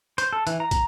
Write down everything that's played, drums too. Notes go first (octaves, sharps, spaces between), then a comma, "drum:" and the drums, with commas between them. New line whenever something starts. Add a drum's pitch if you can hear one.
C5, drum: hi-hat
A4
E3, drum: hi-hat
A#5
drum: kick, hi-hat